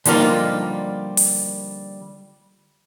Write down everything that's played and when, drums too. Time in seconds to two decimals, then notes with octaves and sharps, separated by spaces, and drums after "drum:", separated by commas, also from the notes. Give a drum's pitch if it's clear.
0.05 D3 F3 G3 A#3 D#4 F4, drum: hi-hat
1.17 drum: open hi-hat